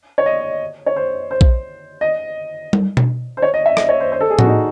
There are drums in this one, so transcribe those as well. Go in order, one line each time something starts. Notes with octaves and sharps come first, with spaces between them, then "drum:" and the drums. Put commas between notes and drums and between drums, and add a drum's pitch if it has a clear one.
C#5
D#5
C#5
C5
C5
drum: kick A#1
D#5
drum: tom G3
drum: tom B2
C5
C#5
D#5
E5
D#5, drum: rim click
C#5
C5
C5
A4
G#4
F#4, drum: tom A2
D#4